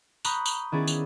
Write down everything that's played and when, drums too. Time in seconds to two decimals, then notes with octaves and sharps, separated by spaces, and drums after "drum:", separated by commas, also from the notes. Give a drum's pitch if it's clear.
0.25 A#5 B5 C#6 D#6 F#6 G6, drum: tambourine
0.46 drum: tambourine
0.72 D#3 B3 C#4 E4 G#4 D5
0.87 drum: tambourine